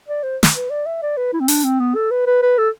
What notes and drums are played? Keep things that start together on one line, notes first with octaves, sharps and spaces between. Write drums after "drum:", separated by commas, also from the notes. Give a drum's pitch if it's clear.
D5
C5
drum: snare
B4
D5
E5
D5
B4
E4
C4
D4, drum: open hi-hat
C4
B3
A4
B4
B4
B4
A4